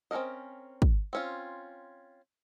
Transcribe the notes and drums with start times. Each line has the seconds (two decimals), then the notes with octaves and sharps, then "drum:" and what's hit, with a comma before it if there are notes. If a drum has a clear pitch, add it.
0.11 C4 C#4 D#4 A#4 D#5
0.82 drum: kick
1.13 C4 C#4 F4